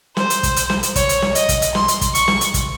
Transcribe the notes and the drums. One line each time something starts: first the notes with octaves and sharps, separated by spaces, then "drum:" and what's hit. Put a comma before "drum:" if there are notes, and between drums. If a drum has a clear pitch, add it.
C5, drum: snare
drum: hi-hat
drum: kick, hi-hat
drum: hi-hat
drum: snare
drum: hi-hat
C#5, drum: kick, hi-hat
drum: hi-hat
drum: snare
D#5, drum: hi-hat
drum: kick, hi-hat
drum: hi-hat
C6, drum: snare
drum: hi-hat
drum: kick, hi-hat
C#6, drum: hi-hat
drum: snare
drum: hi-hat
drum: kick, hi-hat